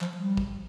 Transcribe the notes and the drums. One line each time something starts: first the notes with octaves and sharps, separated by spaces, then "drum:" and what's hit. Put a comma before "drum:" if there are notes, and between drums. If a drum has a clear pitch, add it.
F3, drum: clap
G3
drum: kick